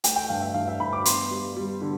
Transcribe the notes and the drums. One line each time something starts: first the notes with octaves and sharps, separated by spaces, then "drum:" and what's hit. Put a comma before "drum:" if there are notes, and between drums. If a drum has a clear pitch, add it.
A3 G5, drum: hi-hat
G5
G2 F5
E5
G2 F5
E5
G2 B5
D6
B3 C6, drum: hi-hat
G3
G3
D3